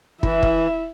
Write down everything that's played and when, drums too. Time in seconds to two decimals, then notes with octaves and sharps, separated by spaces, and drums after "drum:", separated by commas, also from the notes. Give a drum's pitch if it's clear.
0.23 E3 E4 E5, drum: kick
0.43 drum: kick